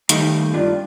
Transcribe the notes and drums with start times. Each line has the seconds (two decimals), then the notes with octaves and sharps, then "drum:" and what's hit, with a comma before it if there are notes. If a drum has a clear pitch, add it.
0.09 D#2 D#3 G3 A3 D#4 F5, drum: hi-hat
0.54 G2 D4 F4